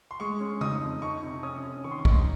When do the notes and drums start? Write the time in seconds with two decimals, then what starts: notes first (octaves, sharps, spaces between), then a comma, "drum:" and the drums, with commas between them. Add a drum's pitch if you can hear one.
0.11 C6
0.20 G#3 C#6
0.40 C#4
0.61 D#4 D#6, drum: tom C#3
0.82 F2
1.02 D#4 C#6
1.23 C3
1.43 C#4 D#6
1.64 C#4
1.84 D#3 C#6
1.91 C6
1.98 C#6
2.05 D#4, drum: kick
2.11 C6